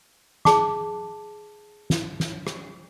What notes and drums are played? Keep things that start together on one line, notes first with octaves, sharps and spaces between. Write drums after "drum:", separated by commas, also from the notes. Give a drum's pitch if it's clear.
G#4 A5 D6, drum: snare
drum: snare
drum: snare
drum: rim click